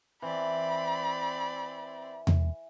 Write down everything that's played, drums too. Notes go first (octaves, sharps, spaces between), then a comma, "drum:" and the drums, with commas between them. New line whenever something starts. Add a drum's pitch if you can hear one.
E3 C4 D5 B5
drum: tom E2